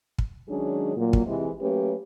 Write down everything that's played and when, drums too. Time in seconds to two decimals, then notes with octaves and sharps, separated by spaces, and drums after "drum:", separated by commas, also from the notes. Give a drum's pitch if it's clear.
0.18 drum: kick
0.49 D#3 F#3 G#3 C#4 D4 G#4
0.96 A#2 F#3 A#3
1.13 drum: kick
1.26 C3 E3 G#3
1.61 F#3 A3 A#3 C#4 G4 B4